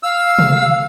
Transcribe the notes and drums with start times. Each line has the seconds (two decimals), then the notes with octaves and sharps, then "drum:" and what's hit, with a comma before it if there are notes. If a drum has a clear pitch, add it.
0.03 F5 E6
0.39 drum: tom C3